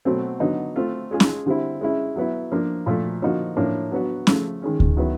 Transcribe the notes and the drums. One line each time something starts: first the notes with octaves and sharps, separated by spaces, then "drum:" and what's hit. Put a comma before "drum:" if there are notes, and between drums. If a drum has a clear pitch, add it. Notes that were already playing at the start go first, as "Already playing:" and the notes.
B2 F#3 A3 C4
D3 F#3 B3 D#4
A3 C4 F4
G#3 C#4 F4 G#4
drum: snare C#4
D3 G3 C4 E4
G#3 C#4 E4
F#3 B3 E4
F3 A#3 D4
A#2 F3 A3
D3 F3 A#3 D#4 F#4
A2 F3 A#3 D4
F#3 B3 D4 F#4
C#3 F3 A3, drum: snare C#4
D#3 G#3 C#4
drum: kick D2
D#3 F#3 B3 E4